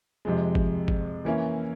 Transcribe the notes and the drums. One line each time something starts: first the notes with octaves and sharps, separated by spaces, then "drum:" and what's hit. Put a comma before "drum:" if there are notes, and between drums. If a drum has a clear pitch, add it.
F2 C3 F3 G#3
drum: kick
drum: kick
E3 A#3 C#4 E4